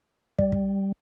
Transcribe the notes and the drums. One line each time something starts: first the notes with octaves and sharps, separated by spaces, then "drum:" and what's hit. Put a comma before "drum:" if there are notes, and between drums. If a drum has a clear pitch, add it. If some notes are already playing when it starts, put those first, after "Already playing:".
G3, drum: kick
drum: kick